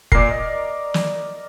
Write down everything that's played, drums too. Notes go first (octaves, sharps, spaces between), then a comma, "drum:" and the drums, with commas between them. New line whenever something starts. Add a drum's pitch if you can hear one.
A#2 A#4 D5 C7, drum: kick F1
D#5
drum: snare